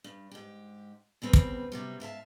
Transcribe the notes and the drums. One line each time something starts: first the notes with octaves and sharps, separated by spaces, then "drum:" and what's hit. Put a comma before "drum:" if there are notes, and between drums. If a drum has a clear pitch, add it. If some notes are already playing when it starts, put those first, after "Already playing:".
G2
G#2 G4
E2 G3 C4 B4
drum: kick
C3 F#3 G3
G#2 E5 F5 A5